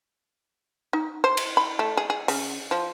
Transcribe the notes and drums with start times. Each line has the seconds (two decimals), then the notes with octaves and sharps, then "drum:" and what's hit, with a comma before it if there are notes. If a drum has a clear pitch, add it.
0.93 D#4
1.24 C5
1.37 drum: cymbal
1.57 B5
1.79 A3
1.97 G#4
2.10 G#4
2.28 C#3, drum: open hi-hat
2.71 F3